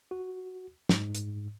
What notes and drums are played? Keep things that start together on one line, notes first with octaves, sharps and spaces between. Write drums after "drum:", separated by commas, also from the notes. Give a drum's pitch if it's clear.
F#4
G#2, drum: snare
drum: hi-hat